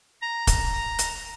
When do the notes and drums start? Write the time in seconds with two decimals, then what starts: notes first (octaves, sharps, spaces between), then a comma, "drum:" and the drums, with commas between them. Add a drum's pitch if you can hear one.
0.22 A#5
0.47 drum: kick, hi-hat
0.99 drum: hi-hat